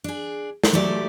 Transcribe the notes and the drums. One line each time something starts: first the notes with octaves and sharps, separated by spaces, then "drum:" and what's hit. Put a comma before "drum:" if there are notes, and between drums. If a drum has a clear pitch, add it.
D4 G#4
drum: snare
F#3 A3 G4 A4 D5